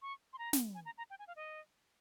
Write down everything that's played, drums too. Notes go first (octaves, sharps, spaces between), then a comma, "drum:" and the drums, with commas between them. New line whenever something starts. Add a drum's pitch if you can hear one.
C#6
C6
A#5
drum: snare
G#5
A#5
A#5
G5
G#5
F5
D#5